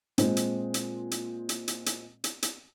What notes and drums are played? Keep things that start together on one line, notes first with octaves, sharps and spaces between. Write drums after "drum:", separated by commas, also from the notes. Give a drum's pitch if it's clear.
A#2 G#3 C4, drum: hi-hat
drum: hi-hat
drum: hi-hat
drum: hi-hat
drum: hi-hat
drum: hi-hat
drum: hi-hat
drum: hi-hat
drum: hi-hat